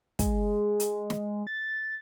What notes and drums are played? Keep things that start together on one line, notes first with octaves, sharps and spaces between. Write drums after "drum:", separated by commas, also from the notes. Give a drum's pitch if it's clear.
G#3, drum: kick, hi-hat
drum: hi-hat
drum: snare
A6